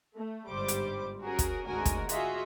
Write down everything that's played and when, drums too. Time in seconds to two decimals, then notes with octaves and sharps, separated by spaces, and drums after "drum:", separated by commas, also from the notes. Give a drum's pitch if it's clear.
0.16 A3
0.49 G1 G#2 G3 C5 D6
0.68 drum: hi-hat
1.23 C#4 F#4 G#4 A#4
1.39 drum: kick, hi-hat
1.67 G#1 D2 G#3 F#4 A#4 G#5
1.85 drum: kick, hi-hat
2.09 F4 F#4 G#4 D#5 E5, drum: hi-hat